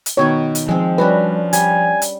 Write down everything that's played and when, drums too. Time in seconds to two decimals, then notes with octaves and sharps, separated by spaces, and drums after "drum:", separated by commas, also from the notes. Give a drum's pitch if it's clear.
0.06 drum: hi-hat
0.17 B2 D#3 B3 C#5
0.55 drum: hi-hat
0.69 F3 G#3 C4
0.98 G3 C#4 D4 F#4 B4
1.53 G3 G#5, drum: hi-hat
2.02 drum: hi-hat